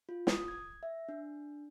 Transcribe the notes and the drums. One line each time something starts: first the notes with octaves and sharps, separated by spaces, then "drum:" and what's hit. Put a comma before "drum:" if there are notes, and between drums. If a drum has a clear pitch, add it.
F4
D#6, drum: snare
G#6
E5
D4